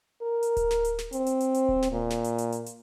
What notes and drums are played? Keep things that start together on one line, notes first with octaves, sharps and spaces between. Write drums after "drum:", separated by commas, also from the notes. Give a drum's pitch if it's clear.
A#4
drum: hi-hat
drum: kick D1, hi-hat
drum: snare
drum: hi-hat
drum: snare
C4, drum: hi-hat
drum: hi-hat
drum: hi-hat
drum: hi-hat
drum: kick D1
drum: snare
A#2
drum: snare
drum: hi-hat
drum: hi-hat
drum: hi-hat
drum: hi-hat